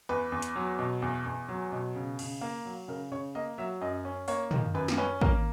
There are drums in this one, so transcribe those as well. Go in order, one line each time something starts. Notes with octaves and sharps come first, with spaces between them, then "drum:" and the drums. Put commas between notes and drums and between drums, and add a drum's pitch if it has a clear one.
E2 B4
E2
drum: hi-hat
F#3
B2
E2
E2
F#3
B2
C#3
C#3, drum: cymbal
A#3
F#3
C#3 A#4
C#3 C#5
A#3 D#5
F#3 E5
F#2 D#5
C#4
A#3 C#5, drum: open hi-hat
D#3, drum: tom
F#2 B4
drum: snare
C#4 B4
A#3 A#4, drum: kick